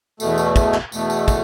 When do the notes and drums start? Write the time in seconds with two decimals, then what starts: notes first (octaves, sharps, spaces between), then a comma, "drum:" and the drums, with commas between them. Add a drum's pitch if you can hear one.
0.20 E2 B2 A3, drum: tambourine
0.38 drum: tambourine
0.56 drum: kick, tambourine
0.74 drum: clap
0.92 E2 B2 A3, drum: tambourine
1.10 drum: tambourine
1.28 drum: kick, tambourine